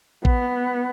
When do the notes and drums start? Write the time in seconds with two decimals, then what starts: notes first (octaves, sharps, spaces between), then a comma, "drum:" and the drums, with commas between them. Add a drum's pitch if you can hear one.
0.25 B3, drum: kick